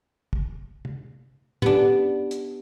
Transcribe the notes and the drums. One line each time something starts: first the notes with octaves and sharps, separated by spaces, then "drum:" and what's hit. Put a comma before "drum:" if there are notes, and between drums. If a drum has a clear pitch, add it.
drum: kick
drum: tom
B3 D4 G4 F#5, drum: tom
drum: hi-hat